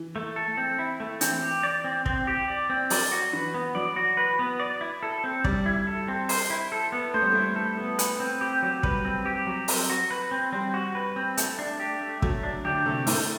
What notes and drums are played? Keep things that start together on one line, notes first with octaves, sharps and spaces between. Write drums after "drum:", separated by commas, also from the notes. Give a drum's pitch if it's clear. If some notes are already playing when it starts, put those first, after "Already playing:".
Already playing: E3
A3
A4
C4
E4
A3
E3 C4, drum: hi-hat
G4
D5
C4
C4, drum: kick
G4
D5
C4
F#3 D5, drum: open hi-hat
F#4
E3 B4
B3
F#3 D5
F#4
B4
B3
D5
E4
A4
C4
G3 D5, drum: kick
E4
A4
C4
C5, drum: open hi-hat
E4
A4
B3
A3 C5
G3
A3 E4
A4
B3
B4, drum: hi-hat
C4
G4
F#3
G3 B4, drum: kick
C4
G4
F#3
C4, drum: open hi-hat
F#4
B4
C4
G3 C4
F#4
B4
C4
A3, drum: hi-hat
D4
G4
A3
F#3 A3, drum: kick
D4
D3 G4
C3 A3
A2 A3, drum: open hi-hat